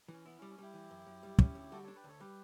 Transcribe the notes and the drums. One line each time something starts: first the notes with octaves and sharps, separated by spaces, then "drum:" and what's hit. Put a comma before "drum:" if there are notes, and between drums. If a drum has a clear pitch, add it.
E3 C#4
B3 E4
C#4
G3
C#4
G3 E4 G4
E3
F#2
F#2
G3
C#4, drum: kick
D2
G3 F#4 A4
D4 A4 C#5
G4 B4
D2 A4 C#5
G3 G4 B4